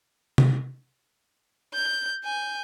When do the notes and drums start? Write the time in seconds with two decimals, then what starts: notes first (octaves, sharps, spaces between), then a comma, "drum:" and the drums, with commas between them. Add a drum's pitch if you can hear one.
0.38 drum: tom C3
1.74 G6
2.24 G#5 G6